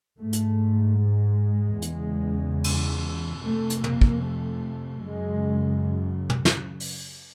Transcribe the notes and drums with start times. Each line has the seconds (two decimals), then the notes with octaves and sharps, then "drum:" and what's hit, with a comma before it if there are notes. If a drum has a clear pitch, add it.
0.20 G#2 A3
0.33 drum: hi-hat
1.01 G#3
1.82 E2 C#3, drum: hi-hat
2.64 drum: cymbal
3.43 F2 C3 A3
3.70 drum: hi-hat
3.84 A#3, drum: tom
4.01 drum: kick
4.25 A3
5.06 F#2 C#3 G#3
6.30 drum: tom
6.45 drum: snare
6.80 drum: open hi-hat